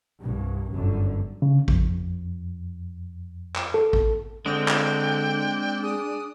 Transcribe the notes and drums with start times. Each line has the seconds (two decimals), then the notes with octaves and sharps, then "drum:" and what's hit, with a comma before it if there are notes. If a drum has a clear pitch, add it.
0.22 C2 G2
0.73 G1 F#2 D3
1.42 C#3
1.68 F2, drum: kick A1
3.56 drum: clap
3.74 A4
3.93 drum: kick A1
4.46 D3 G#3 C4 D4 G5
4.68 drum: clap
5.83 G#4 D#6